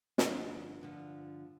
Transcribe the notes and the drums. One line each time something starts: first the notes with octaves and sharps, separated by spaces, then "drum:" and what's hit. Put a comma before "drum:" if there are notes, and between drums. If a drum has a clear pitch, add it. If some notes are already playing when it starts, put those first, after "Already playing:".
G2 D3 F3 D4, drum: snare
G2 D3 F3